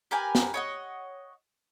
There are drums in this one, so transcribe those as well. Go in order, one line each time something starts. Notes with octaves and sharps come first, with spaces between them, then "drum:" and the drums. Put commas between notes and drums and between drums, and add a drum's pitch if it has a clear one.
G4 A#4 B4 G#5
drum: snare
C#5 D#5 F#5